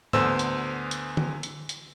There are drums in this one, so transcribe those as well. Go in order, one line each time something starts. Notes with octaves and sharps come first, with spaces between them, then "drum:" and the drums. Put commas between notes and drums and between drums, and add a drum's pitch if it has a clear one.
D2 D3 B3 C5 E6 E7, drum: tom G#2
drum: hi-hat
drum: hi-hat
drum: tom D3
drum: hi-hat
drum: hi-hat